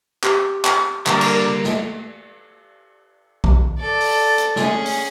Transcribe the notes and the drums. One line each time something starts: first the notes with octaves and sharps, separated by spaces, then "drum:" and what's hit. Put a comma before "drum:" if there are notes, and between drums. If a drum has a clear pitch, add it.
G4, drum: clap
drum: clap
D3 G3 A#3 A#4, drum: clap
drum: cymbal
drum: snare
drum: kick B1
A4 D5
drum: open hi-hat
drum: hi-hat
C#4 G#4, drum: snare
drum: open hi-hat